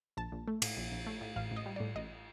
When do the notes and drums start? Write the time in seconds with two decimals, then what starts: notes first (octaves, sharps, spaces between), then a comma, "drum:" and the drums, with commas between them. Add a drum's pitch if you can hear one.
0.17 A#1 A5
0.32 A#1
0.48 A3
0.62 A2, drum: cymbal
0.77 A#1
0.92 A#1
1.07 A3
1.21 A2
1.36 A1 F5
1.51 A1
1.56 D#5
1.66 G3
1.76 A2 D5
1.96 A1 D#5